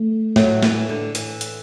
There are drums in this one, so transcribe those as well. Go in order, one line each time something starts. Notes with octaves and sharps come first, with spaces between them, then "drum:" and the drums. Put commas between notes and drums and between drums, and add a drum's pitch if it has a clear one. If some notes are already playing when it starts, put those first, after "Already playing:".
Already playing: A3
A2 F#3, drum: snare
E3, drum: snare
D3
E3, drum: hi-hat
drum: hi-hat